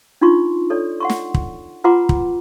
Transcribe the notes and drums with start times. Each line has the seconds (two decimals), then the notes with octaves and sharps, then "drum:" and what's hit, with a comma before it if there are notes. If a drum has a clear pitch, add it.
0.21 D4 D#4 F4 C6 C#6
0.70 A4 C#5 D5
1.00 F#5 C6 C#6
1.10 drum: snare
1.34 drum: kick
1.84 F4 B4 F#5 A#5 C6 D6
2.09 drum: kick